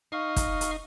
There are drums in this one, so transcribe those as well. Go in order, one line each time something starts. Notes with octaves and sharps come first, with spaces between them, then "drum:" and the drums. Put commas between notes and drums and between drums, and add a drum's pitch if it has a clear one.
D#4 F5 C#6 F6
drum: kick, hi-hat
drum: hi-hat